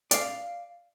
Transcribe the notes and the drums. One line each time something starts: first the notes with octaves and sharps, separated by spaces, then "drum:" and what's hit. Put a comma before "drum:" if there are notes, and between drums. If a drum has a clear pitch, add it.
D5 F5, drum: hi-hat